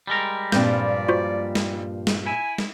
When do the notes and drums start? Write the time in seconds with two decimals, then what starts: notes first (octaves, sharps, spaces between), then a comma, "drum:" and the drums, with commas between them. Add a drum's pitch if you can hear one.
0.07 G3 G#3 A#4
0.52 G2 A#2 F3 C4 D5 G6, drum: snare
1.09 F4 F#4 C5
1.55 drum: snare
2.07 drum: snare
2.26 E4 G#5
2.58 drum: snare